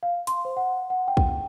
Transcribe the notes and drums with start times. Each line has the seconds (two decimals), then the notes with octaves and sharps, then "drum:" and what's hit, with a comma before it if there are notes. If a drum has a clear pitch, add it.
0.03 F5
0.27 C6, drum: hi-hat
0.45 C5
0.57 F#5
0.90 F#5
1.08 G5
1.17 drum: kick